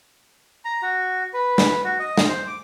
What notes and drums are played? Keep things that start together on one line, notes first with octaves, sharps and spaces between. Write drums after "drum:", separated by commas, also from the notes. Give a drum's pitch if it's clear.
A#5
F#4
B4
drum: snare
F#4
D#5
drum: snare
C5
D6